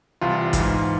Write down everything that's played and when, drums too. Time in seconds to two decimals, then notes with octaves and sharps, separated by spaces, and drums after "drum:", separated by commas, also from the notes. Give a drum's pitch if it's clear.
0.21 C2 C3 E3 F4
0.53 G#2 E3, drum: kick A1, hi-hat